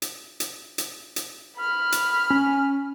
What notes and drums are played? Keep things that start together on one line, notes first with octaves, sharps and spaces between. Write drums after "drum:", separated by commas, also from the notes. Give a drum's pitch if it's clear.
drum: hi-hat
drum: hi-hat
drum: hi-hat
drum: hi-hat
B5 F6
drum: hi-hat
C#4